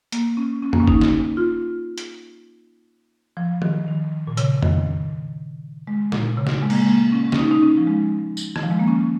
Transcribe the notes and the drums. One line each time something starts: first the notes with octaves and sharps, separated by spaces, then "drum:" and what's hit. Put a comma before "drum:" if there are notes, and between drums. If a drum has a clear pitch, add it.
A#3, drum: hi-hat
C#4
C#4
A#3, drum: tom
C#4
D#4, drum: kick
drum: snare
F4
drum: hi-hat
F3
D#3, drum: tom F3
D#3
A#2
C#3, drum: hi-hat
D#3, drum: tom
G#3
A#2, drum: snare
C#3
drum: snare
G#3
A#3, drum: cymbal
G#3
A#3
C#4
C#4, drum: snare
D#4
D#4
C#4
F3
G#3
drum: tambourine
D#3, drum: rim click
F3
G#3
A#3
C#4